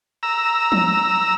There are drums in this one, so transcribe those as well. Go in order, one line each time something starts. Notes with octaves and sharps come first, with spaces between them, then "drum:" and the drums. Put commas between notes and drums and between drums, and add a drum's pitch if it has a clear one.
A#5 E6
drum: tom F3